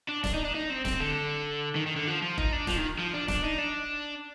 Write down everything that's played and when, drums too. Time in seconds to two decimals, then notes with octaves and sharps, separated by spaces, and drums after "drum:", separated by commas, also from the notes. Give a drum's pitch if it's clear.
0.09 D4
0.24 D4, drum: snare
0.34 D#4
0.45 D4
0.55 D#4
0.70 C4
0.85 C4, drum: snare
1.00 D3
1.76 D#3
1.86 D#3
1.96 D3
2.07 F3
2.22 F3
2.38 D#4, drum: kick F1
2.52 D4
2.67 F3, drum: snare
2.77 D#3
2.98 F3
3.14 D4
3.28 D4, drum: snare
3.44 D#4
3.58 D4